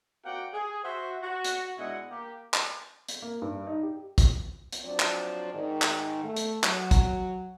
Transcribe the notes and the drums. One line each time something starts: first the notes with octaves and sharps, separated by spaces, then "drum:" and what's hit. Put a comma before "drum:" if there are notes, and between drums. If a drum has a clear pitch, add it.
A#3 C4 F#4 D5 F#5 G5
G#4
F#4 C5 E5
F#4
drum: hi-hat
B2 G#3 D4 E4 D#5 F#5
A#3 G4
drum: clap
drum: hi-hat
A#3
G2
D#4
G4
drum: kick, hi-hat
drum: hi-hat
F3 F#3 C4 D4 C5 D5
drum: clap
G#2 D#3
drum: clap
A3
drum: hi-hat
F#3, drum: clap
drum: kick, hi-hat